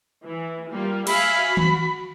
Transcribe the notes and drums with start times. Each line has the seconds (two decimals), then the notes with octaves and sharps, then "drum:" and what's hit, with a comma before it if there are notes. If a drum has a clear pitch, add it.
0.25 E3
0.71 G3 A#3 F4
1.07 E5 F5 G#5 B5, drum: cymbal
1.40 F#4
1.57 drum: tom D#3